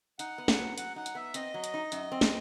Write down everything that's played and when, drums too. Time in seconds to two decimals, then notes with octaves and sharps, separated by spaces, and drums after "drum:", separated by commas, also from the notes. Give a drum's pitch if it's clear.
0.19 D#4 F#5, drum: hi-hat
0.38 B3
0.48 drum: snare
0.58 F#3
0.78 F#3 F#5, drum: hi-hat
0.96 D#4 F#5
1.06 drum: hi-hat
1.15 B3 E5
1.34 C4 D#5, drum: hi-hat
1.54 F#3
1.64 drum: hi-hat
1.74 D#4
1.92 F#2, drum: hi-hat
2.12 C4
2.21 drum: snare